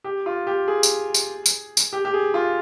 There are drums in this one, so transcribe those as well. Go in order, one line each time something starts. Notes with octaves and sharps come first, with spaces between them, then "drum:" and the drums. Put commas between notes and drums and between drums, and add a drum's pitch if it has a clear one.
G4
F4
G4
G#4
drum: tambourine
drum: tambourine
drum: tambourine
drum: tambourine
G4
G4
G#4
F4